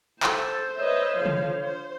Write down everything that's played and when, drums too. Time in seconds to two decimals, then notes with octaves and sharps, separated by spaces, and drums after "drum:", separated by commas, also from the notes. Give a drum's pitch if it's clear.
0.23 A4 C5, drum: clap
0.77 B4 C#5 D#5 E5
1.16 D3 F3 F5
1.26 drum: tom
1.61 C5